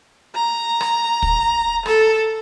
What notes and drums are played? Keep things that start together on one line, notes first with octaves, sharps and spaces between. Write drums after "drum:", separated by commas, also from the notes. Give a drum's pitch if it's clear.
A#5
drum: rim click
drum: kick
A4, drum: rim click